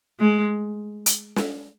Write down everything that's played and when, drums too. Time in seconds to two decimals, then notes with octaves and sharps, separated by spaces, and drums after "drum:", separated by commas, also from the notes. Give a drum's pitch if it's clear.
0.20 G#3
1.06 drum: hi-hat
1.36 drum: snare